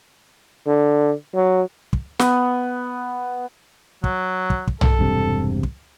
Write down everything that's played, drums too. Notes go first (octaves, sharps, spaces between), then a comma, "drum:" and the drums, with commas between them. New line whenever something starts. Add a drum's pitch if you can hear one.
D3
F#3
drum: kick
B3, drum: snare
F#3, drum: kick
drum: kick
drum: kick
A4, drum: tom
E1 G2 C3
drum: kick